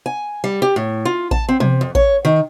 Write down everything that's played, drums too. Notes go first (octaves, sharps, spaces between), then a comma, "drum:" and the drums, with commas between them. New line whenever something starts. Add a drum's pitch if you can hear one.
G#5
G3
G4
A2
F4
A5, drum: kick A1
C4
C3, drum: tom
F2
C#5, drum: kick A1
D#3